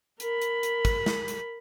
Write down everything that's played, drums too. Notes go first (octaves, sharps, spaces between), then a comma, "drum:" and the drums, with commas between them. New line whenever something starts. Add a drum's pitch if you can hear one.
A#4 B5, drum: hi-hat
drum: hi-hat
drum: hi-hat
drum: kick, hi-hat
drum: snare
drum: hi-hat